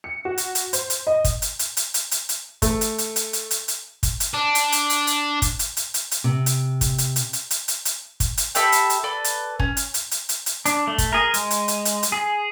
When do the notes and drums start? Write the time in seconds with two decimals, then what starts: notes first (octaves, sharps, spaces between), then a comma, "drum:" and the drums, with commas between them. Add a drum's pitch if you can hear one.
0.04 C#7
0.25 F#4
0.38 drum: hi-hat
0.55 drum: hi-hat
0.73 C5, drum: hi-hat
0.90 drum: hi-hat
1.07 D#5
1.24 drum: kick, hi-hat
1.42 drum: hi-hat
1.59 drum: hi-hat
1.77 drum: hi-hat
1.94 drum: hi-hat
2.11 drum: hi-hat
2.29 drum: hi-hat
2.62 A3, drum: kick, hi-hat
2.81 drum: hi-hat
2.98 drum: hi-hat
3.16 drum: hi-hat
3.33 drum: hi-hat
3.51 drum: hi-hat
3.68 drum: hi-hat
4.03 drum: kick, hi-hat
4.20 drum: hi-hat
4.34 D4
4.55 drum: hi-hat
4.72 drum: hi-hat
4.90 drum: hi-hat
5.07 drum: hi-hat
5.42 drum: kick, hi-hat
5.59 drum: hi-hat
5.77 drum: hi-hat
5.94 drum: hi-hat
6.11 drum: hi-hat
6.24 C3
6.46 drum: hi-hat
6.81 drum: kick, hi-hat
6.98 drum: hi-hat
7.16 drum: hi-hat
7.33 drum: hi-hat
7.51 drum: hi-hat
7.68 drum: hi-hat
7.85 drum: hi-hat
8.20 drum: kick, hi-hat
8.37 drum: hi-hat
8.55 G4 A4 E5 B5, drum: hi-hat
8.72 drum: hi-hat
8.90 drum: hi-hat
9.04 A4 B4 D5
9.24 drum: hi-hat
9.59 C#4, drum: kick
9.77 drum: hi-hat
9.94 drum: hi-hat
10.11 drum: hi-hat
10.29 drum: hi-hat
10.46 drum: hi-hat
10.66 D4, drum: hi-hat
10.87 A3
10.98 drum: kick, hi-hat
11.13 G#4 A#4
11.34 G#3, drum: hi-hat
11.50 drum: hi-hat
11.68 drum: hi-hat
11.85 drum: hi-hat
12.03 drum: hi-hat
12.12 G#4